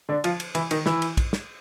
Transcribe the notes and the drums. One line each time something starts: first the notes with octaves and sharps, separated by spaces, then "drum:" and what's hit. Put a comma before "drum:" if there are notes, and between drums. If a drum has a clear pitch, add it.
D3 D4
F3 F4, drum: cymbal
drum: cymbal
E3 E4, drum: cymbal
D#3 D#4, drum: cymbal
E3 E4, drum: snare
drum: cymbal
drum: kick, cymbal
drum: snare